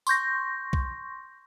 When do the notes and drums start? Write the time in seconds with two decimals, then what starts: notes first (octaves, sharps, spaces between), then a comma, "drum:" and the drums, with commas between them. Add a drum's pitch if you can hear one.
0.07 C6 C#6 G6 A#6, drum: tambourine
0.73 drum: kick